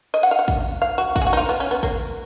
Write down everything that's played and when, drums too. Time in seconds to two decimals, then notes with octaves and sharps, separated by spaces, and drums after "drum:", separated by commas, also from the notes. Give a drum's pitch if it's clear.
0.14 D#5, drum: tambourine
0.23 F#5
0.31 F5, drum: tambourine
0.39 F#5
0.48 drum: kick, tambourine
0.65 drum: tambourine
0.82 F5, drum: tambourine
0.98 F#4, drum: tambourine
1.16 F#4, drum: kick, tambourine
1.22 G#4
1.27 F#4
1.33 D#4, drum: tambourine
1.37 F4
1.49 B3, drum: tambourine
1.60 C#4
1.71 B3
1.83 A#3, drum: kick, tambourine
2.00 drum: tambourine